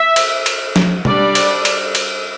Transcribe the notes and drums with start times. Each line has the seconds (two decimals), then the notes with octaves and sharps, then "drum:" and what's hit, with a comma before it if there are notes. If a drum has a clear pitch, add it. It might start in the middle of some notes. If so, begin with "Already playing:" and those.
Already playing: E5
0.16 drum: cymbal
0.46 drum: cymbal
0.76 drum: snare
1.05 G3 D4 D5, drum: tom C3
1.35 drum: cymbal
1.65 drum: cymbal
1.95 drum: cymbal